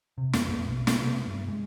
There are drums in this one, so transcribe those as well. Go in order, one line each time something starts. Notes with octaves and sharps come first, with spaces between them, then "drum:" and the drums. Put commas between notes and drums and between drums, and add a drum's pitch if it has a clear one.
C3
F2, drum: snare
A#1
B2
drum: snare
C3
G2
G#3